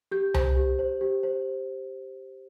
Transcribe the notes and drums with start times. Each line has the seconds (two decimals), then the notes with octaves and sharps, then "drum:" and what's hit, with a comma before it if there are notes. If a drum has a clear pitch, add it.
0.11 G4 G6
0.34 C5, drum: tom C2
0.56 G4
0.79 C5
1.01 G4
1.23 C5